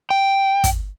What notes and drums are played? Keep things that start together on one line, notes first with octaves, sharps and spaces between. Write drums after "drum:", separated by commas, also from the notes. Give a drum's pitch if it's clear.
G5
drum: kick, hi-hat